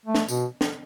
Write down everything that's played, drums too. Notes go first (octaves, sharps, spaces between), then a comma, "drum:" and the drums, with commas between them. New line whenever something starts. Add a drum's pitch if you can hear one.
A3
drum: snare
B2, drum: tambourine
drum: snare